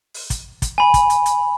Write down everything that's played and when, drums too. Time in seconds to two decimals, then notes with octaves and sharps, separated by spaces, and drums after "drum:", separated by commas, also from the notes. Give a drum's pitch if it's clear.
0.14 drum: open hi-hat
0.30 drum: kick, hi-hat
0.62 drum: kick, hi-hat
0.78 G#5 B5
0.94 drum: kick, hi-hat
1.10 drum: hi-hat
1.26 drum: hi-hat